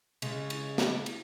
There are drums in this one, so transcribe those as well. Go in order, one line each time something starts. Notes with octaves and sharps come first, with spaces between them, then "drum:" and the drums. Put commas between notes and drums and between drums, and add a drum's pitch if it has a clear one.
C#3 G#3, drum: cymbal
drum: cymbal
drum: snare
drum: cymbal